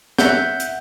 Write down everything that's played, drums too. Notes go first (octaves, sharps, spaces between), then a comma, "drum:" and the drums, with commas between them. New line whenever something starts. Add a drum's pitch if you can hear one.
E5 F#5 G6, drum: snare
drum: hi-hat